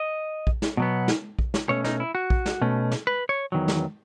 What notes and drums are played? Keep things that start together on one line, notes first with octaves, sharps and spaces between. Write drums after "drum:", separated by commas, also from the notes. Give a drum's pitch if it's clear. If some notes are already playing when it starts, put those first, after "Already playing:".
Already playing: D#5
drum: kick A#1
drum: snare
B2 F#3 B3
drum: snare
drum: kick A#1
drum: snare
B2 A3 C#4 C#5
D#4, drum: snare
E4
F#4
drum: kick A#1
drum: snare
B2 A3 C#4
drum: snare
B4
C#5
E2 D#3 F#3
drum: snare